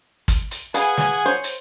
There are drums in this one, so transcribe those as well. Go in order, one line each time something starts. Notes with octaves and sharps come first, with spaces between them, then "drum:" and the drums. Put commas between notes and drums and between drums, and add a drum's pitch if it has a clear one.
drum: kick, hi-hat
drum: hi-hat
G#4 B4 F5 F#5 G#5, drum: hi-hat
drum: snare
C5 C#5
drum: hi-hat